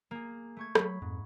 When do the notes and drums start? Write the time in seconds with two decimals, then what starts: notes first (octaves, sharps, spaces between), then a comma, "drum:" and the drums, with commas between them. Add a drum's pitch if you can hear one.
0.11 A#3 G#4
0.57 A3 C#6 G#6
0.75 F#3 B5, drum: rim click
1.02 F2 G#2